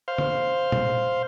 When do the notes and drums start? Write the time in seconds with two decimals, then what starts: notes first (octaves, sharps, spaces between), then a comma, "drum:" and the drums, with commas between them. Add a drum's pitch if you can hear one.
0.08 C5 F5
0.18 drum: tom C#3
0.72 drum: tom A#2